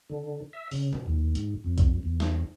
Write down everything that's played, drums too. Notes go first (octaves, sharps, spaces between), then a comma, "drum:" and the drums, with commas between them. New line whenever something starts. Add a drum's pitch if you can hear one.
D3
E5
C#3, drum: open hi-hat
drum: tom A#2
D#2
G#2, drum: hi-hat
F2
drum: kick B1, hi-hat
E2
drum: snare